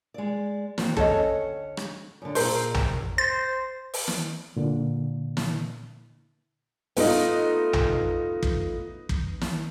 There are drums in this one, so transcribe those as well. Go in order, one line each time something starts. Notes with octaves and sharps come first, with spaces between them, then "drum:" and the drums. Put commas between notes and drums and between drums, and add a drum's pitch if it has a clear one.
G#3 D5
A#3 C4 F#4, drum: snare
D2 C#4 A4 C#5 D#5 F#5, drum: kick
drum: rim click
F#2 D3
A#2 G#4 A#4 C5, drum: open hi-hat
drum: tom A#1
C5 A6
drum: open hi-hat
drum: snare
A#2 D3
drum: snare
A3 B3 D#4 F4, drum: open hi-hat
drum: tom A#1
drum: kick
drum: kick
drum: snare